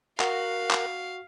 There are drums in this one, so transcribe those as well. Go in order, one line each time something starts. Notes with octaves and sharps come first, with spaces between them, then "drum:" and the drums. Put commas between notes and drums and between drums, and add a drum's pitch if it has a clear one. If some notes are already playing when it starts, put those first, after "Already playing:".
F#4 A#4 F5 F#5, drum: clap
drum: clap